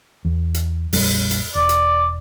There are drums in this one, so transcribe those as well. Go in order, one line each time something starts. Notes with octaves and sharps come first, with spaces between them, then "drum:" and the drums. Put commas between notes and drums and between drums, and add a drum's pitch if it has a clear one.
E2
drum: hi-hat
A#1 F2 G3, drum: open hi-hat
drum: hi-hat
E1 D5
drum: hi-hat